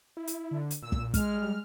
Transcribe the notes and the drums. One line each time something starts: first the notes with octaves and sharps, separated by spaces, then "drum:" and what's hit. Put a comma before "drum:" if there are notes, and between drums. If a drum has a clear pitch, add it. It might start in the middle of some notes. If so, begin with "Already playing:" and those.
E4
drum: hi-hat
D3
drum: hi-hat
A#2 E6
drum: kick
G#3 F6, drum: kick, hi-hat
G3